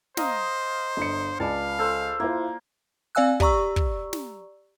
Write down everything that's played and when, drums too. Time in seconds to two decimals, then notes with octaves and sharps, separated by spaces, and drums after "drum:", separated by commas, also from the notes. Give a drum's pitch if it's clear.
0.17 C5 D#5 F5 A#5, drum: snare
0.97 G1 C#7
1.40 C#2 D5 F5 A5
1.79 A4 C5
2.20 A#3 E4 F4 C5
3.15 C4 D5 F5 G#5 E6 F#6
3.40 G4 D5 A#5 C#6 E6, drum: kick
3.76 drum: kick
4.13 drum: snare